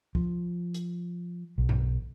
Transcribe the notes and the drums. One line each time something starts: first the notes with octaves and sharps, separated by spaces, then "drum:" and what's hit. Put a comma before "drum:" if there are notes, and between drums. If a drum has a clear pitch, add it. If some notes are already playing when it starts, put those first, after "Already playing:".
F3, drum: kick
drum: hi-hat
B1
drum: tom G2